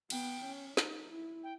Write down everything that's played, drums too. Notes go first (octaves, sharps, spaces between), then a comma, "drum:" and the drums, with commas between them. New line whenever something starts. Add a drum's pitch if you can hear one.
B3 G5, drum: cymbal
C#4
D#4, drum: snare
E4
G5